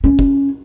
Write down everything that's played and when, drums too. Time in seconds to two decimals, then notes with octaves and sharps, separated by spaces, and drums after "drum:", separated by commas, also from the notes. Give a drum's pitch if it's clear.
0.04 C#4
0.19 drum: kick